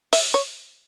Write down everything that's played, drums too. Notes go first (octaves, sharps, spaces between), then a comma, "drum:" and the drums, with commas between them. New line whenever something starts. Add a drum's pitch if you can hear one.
E5, drum: open hi-hat
C#5